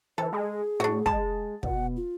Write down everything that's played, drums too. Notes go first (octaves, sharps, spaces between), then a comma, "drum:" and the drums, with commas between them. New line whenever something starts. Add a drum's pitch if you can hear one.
E3 A4 C5
G#3 G#4
A2 D4 F#4
G#3 A5, drum: kick
B2 F#5, drum: kick
F4